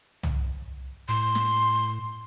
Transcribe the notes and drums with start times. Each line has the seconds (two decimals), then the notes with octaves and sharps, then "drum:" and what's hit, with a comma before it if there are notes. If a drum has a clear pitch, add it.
0.23 drum: tom C2
1.08 A2 C6, drum: hi-hat
1.35 drum: snare